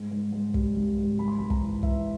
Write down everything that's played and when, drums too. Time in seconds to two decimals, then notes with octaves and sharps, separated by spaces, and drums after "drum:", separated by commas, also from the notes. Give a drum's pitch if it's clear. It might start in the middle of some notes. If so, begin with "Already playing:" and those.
Already playing: G#2
0.11 G#2
0.32 G#2
0.54 G3, drum: kick
0.76 G#1
0.97 G#2
1.18 G#1 B5
1.28 C6
1.38 G#1 B5
1.50 A#5, drum: kick
1.61 E3
1.83 E3 E5, drum: kick